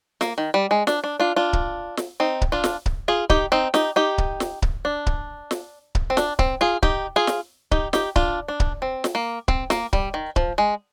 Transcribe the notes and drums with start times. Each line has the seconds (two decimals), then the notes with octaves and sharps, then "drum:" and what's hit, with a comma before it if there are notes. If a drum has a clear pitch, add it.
0.21 A#3, drum: snare
0.38 D#3
0.54 G3
0.71 G#3
0.87 D4, drum: snare
1.04 D4
1.20 D4 F4
1.36 D4 F4
1.53 drum: kick C#1
1.97 drum: snare
2.20 C4 D#4
2.42 drum: kick C#1
2.52 D4 F4
2.64 drum: snare
2.86 drum: kick C#1
3.08 F4 G#4
3.30 D#4 G4, drum: kick C#1
3.52 C4 D#4
3.74 D#4 G4, drum: snare
3.96 D#4 G4
4.18 drum: kick C#1
4.40 drum: snare
4.62 drum: kick C#1
4.85 D4
5.06 drum: kick C#1
5.51 drum: snare
5.95 drum: kick C#1
6.10 C4
6.17 D4, drum: snare
6.39 C4, drum: kick C#1
6.61 F4 G#4
6.83 D#4 G4, drum: kick C#1
7.16 F4 G#4
7.27 drum: snare
7.71 D#4 G4, drum: kick C#1
7.93 D#4 G4, drum: snare
8.16 D4 F4, drum: kick C#1
8.48 D4
8.60 drum: kick C#1
8.82 C4
9.04 drum: snare
9.15 A#3
9.48 C4, drum: kick C#1
9.70 A#3, drum: snare
9.93 G3, drum: kick C#1
10.14 D#3
10.36 F3, drum: kick C#1
10.58 G#3